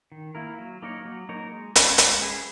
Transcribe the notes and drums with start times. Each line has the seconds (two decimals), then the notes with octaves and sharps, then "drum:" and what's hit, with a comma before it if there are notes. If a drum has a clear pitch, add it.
0.12 D#3
0.35 A#3 E4 A#4
0.59 F#3
0.82 A#3 D#4 A#4 C#5
1.05 F#3
1.29 A#3 D#4 A#4 C#5
1.52 G#3
1.75 C#4 G#4 B4, drum: hi-hat
1.98 G#3, drum: hi-hat
2.22 C#4 G#4 B4